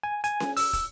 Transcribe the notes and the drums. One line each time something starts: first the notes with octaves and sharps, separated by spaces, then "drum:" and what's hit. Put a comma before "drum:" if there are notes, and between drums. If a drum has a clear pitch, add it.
G#5
G#5, drum: hi-hat
drum: snare C#4
E6, drum: open hi-hat
drum: kick, hi-hat